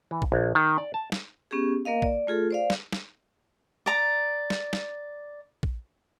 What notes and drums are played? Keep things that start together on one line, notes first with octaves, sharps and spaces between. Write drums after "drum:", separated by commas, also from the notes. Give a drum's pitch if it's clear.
E3
drum: kick A#1
A#1
D#3
D5
A5
drum: snare
B3 C#4 G4 G#4
A#3 A#4 D#5 F5
D5, drum: kick A#1
A3 F4 G#4 A4
C5 D5 F5
drum: snare
drum: snare
D5 A#5 D6
drum: snare
drum: snare
drum: kick A#1